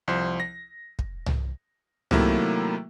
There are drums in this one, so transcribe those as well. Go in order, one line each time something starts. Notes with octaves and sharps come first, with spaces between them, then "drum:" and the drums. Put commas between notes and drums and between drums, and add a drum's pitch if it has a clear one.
C2 F3 C5
A#6
drum: kick
drum: tom C2
C3 D#3 F#3 A3 A#3 E4, drum: tom C2